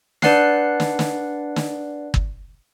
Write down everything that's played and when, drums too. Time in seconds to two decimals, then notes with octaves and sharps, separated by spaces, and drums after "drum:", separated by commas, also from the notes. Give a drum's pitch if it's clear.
0.22 D4 B4 D5 F#5 F#6 C7, drum: snare
0.80 drum: snare
0.99 drum: snare
1.56 drum: snare
2.14 drum: kick